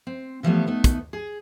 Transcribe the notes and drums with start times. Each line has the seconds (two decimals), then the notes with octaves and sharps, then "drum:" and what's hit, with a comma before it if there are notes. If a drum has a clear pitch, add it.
0.07 C4
0.43 D3 E3 F3 G3 A3 B3
0.67 A3 B3 D#4
0.84 drum: kick, hi-hat
1.13 G#4